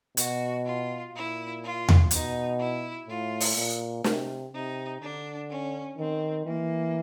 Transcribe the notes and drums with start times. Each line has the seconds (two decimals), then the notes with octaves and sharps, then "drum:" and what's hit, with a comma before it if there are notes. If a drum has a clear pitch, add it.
0.17 B2 F#4, drum: hi-hat
0.65 F4
1.13 A#2 E4
1.63 F4
1.89 drum: tom E2
2.11 B2 D#4, drum: hi-hat
2.59 E4
3.07 A2 F4
3.40 drum: open hi-hat
3.56 A#2
4.04 C3, drum: snare
4.53 C3 D#4
5.01 D3 D4
5.49 C#4
5.97 D#3 C4
6.46 E3 A#3